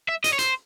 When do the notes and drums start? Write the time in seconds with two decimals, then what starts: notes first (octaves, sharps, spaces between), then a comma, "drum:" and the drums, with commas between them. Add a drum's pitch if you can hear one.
0.09 E5
0.24 D#5, drum: hi-hat
0.33 C#5
0.39 C5, drum: hi-hat